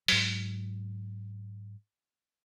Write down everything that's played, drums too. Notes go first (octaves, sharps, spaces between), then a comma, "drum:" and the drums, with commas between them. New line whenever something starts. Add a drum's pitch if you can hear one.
G#2 F#3, drum: open hi-hat